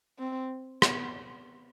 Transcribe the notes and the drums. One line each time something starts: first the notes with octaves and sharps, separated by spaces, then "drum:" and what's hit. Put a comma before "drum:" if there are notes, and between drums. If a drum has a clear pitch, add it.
C4
B3, drum: rim click